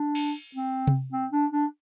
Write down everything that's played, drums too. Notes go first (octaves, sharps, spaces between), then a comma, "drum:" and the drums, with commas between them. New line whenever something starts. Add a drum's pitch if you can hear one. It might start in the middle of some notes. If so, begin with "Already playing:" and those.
Already playing: D4
drum: cymbal
C4
drum: tom C3
C4
D4
D4